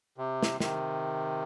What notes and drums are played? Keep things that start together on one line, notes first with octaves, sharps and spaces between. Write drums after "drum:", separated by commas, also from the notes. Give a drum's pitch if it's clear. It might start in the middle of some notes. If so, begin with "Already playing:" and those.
C3
drum: snare
C3 D#3, drum: snare